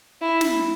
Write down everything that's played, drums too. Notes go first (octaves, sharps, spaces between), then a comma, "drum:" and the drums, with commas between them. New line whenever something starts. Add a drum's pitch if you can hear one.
E4
drum: snare